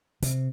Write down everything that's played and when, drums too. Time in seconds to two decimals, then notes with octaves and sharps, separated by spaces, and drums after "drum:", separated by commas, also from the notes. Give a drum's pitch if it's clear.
0.22 C3, drum: hi-hat